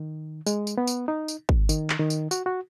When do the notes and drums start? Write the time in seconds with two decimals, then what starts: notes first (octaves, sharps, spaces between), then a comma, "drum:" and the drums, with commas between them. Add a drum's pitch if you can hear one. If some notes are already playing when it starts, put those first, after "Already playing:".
Already playing: D#3
0.46 G#3, drum: tambourine
0.67 drum: tambourine
0.78 B3
0.87 drum: tambourine
1.08 D#4
1.28 drum: tambourine
1.49 drum: kick
1.69 D#3, drum: tambourine
1.90 drum: clap
2.00 D#3
2.10 drum: tambourine
2.31 F#4, drum: tambourine
2.46 F#4